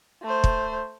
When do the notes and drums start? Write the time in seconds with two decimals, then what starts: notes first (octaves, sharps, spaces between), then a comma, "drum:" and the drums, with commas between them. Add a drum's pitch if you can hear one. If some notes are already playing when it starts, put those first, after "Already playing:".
0.23 A3 C5
0.44 drum: kick